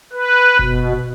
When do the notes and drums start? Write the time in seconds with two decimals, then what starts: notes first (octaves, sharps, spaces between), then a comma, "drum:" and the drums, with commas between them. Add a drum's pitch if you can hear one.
0.13 B4
0.59 B2, drum: kick F#1